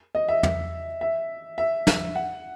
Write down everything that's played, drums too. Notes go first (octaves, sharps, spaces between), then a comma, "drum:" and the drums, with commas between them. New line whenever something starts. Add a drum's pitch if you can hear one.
D#5
E5
drum: tom
E5
E5
drum: snare
F#5